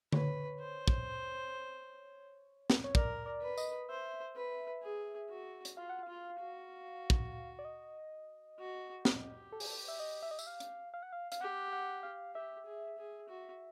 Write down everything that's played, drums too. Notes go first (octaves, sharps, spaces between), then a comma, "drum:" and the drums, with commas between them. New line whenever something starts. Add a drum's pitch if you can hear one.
B4 C#5, drum: tom D3
C5
drum: kick
drum: snare
C#5
A#4 D5, drum: kick
D5
B4
D#5, drum: tambourine
C5 E5
B4
G#4
F#4
drum: hi-hat
F4 F5
F#5
F4 F5
F#4
drum: kick
D5
D#5
F#4
G4, drum: snare
A4
G#4, drum: open hi-hat
A4
E5
D#5
E5
D#5
E5, drum: tambourine
F5
drum: hi-hat
F5
F#5
F5
F5, drum: hi-hat
G4 F#5
F#5
F5
G4 E5
G#4
G#4
F#4